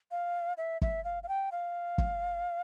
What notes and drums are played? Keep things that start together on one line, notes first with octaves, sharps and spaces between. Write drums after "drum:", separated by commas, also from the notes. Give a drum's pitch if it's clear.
F5
E5
E5, drum: kick
F5
F5
G5
F5
drum: kick